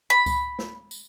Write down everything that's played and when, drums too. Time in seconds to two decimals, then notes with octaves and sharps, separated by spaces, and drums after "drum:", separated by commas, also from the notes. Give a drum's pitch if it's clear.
0.10 B5
0.26 drum: kick C#2, tambourine
0.59 drum: snare
0.91 drum: tambourine